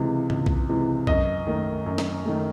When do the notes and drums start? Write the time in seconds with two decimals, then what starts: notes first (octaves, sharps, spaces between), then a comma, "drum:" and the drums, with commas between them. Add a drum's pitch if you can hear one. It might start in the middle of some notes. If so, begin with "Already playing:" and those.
Already playing: C#2 C3 E3 G#3
0.30 C#2, drum: tom G#2
0.46 drum: kick B1
0.69 C3 E3 G#3
1.07 F#2 D#5, drum: kick B1
1.47 D#3 A3
1.86 F#2
1.98 drum: snare
2.26 D#3 A3